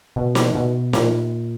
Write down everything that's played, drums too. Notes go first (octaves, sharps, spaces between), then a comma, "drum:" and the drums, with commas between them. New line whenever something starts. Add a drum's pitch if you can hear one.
B2
drum: snare
B2
A#2, drum: snare